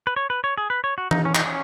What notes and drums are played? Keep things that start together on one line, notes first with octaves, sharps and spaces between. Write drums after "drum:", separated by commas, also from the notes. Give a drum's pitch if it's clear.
B4
C#5
B4
C#5
G#4
B4
C#5
F#4
D#4, drum: tom E3
C#4
D#4, drum: clap
C#4